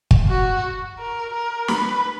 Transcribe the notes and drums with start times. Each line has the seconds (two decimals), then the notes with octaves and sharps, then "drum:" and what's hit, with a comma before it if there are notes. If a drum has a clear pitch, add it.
0.11 drum: kick
0.29 F#4
0.98 A#4
1.34 A#4
1.68 B4, drum: snare